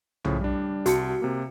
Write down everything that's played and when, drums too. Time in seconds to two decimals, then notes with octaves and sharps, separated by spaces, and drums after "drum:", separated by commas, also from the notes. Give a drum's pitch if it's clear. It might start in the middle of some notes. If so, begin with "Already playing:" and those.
0.25 A2 C#3 F3, drum: tom B1
0.40 G3 D4
0.86 C2 F#4 A5 C#7, drum: hi-hat
1.22 C3 A#3